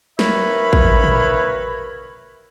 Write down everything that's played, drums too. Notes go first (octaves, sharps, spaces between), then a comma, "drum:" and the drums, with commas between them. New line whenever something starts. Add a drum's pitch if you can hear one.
D#2 A#4 B4 C#5 E5 B5, drum: snare
drum: kick A1
drum: tom